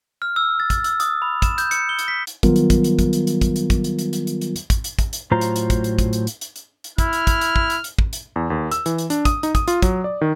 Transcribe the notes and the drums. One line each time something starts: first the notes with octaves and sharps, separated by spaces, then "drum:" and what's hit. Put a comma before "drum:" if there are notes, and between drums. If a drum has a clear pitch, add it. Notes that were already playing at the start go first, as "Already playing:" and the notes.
F6
E6
A6
drum: kick, hi-hat
E6, drum: hi-hat
D#6, drum: hi-hat
B5
E7, drum: kick, hi-hat
G6, drum: hi-hat
C#7, drum: hi-hat
G7
drum: hi-hat
B6
drum: hi-hat
D#3 F#3 G3 B3 F4 A#4, drum: kick, hi-hat
drum: hi-hat
drum: kick, hi-hat
drum: hi-hat
drum: kick, hi-hat
drum: hi-hat
drum: hi-hat
drum: kick, hi-hat
drum: hi-hat
drum: kick, hi-hat
drum: hi-hat
drum: hi-hat
drum: hi-hat
drum: hi-hat
drum: hi-hat
drum: hi-hat
drum: kick, hi-hat
drum: hi-hat
drum: kick, hi-hat
drum: hi-hat
A2 F#3 F4 C5 A#5
drum: hi-hat
drum: hi-hat
drum: kick, hi-hat
drum: hi-hat
drum: kick, hi-hat
drum: hi-hat
drum: hi-hat
drum: hi-hat
drum: hi-hat
drum: hi-hat
E4 F6, drum: kick, hi-hat
drum: hi-hat
drum: kick, hi-hat
drum: hi-hat
drum: kick
drum: hi-hat
drum: hi-hat
drum: kick
drum: hi-hat
E2
D#2
E6, drum: hi-hat
E3, drum: hi-hat
drum: hi-hat
D4, drum: hi-hat
D#6, drum: kick, hi-hat
D#4, drum: hi-hat
D#6, drum: kick, hi-hat
F4, drum: hi-hat
F#3, drum: kick, hi-hat
D5
D#3